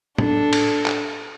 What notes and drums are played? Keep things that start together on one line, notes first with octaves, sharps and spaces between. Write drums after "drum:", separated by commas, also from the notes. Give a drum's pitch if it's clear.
D4 A4, drum: tom A2
drum: cymbal
drum: clap